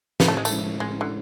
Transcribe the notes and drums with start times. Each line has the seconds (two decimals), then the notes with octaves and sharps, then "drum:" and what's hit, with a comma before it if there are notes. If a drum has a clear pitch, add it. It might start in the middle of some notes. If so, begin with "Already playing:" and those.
0.20 A2 B3, drum: snare
0.28 A3
0.37 G#3
0.45 A3, drum: tambourine
0.51 G#3 C#4 E4
0.80 A2 G#3
1.01 D3